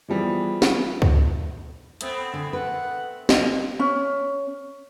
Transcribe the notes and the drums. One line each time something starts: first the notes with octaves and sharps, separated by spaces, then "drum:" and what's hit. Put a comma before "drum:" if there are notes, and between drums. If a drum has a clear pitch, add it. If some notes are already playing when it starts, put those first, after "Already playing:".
E3 F3 G3 B3 G#4
drum: snare
drum: kick C#2
A3 B3 C4, drum: hi-hat
D3 G#5
B4 F#5
D3 C4 F4 G4 D#5, drum: snare
C#4